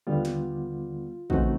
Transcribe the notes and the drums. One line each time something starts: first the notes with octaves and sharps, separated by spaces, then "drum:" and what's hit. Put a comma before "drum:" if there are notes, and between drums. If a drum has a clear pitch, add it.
D#2 D3 G3 B3 F4
drum: snare
C#3 E3 A3 C4 D#4 F#4, drum: kick